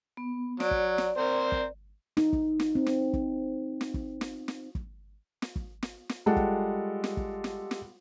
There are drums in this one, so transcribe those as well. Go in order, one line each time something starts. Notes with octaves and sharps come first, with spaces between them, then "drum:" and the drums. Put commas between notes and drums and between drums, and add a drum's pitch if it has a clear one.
B3
F#3 D5, drum: snare
drum: kick
drum: snare
C4 A#4 C5
drum: kick
D#4, drum: snare
drum: kick
drum: snare
C4
drum: snare
drum: kick
drum: snare
drum: kick
drum: snare
drum: snare
drum: kick
drum: snare
drum: kick
drum: snare
drum: snare
G3 G#3 F4 A4 F#5
drum: kick
drum: snare
drum: kick
drum: snare
drum: snare